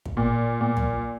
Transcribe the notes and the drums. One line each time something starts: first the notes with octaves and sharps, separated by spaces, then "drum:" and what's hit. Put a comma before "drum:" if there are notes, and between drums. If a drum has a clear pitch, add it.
drum: kick
A#2
A#2
drum: tom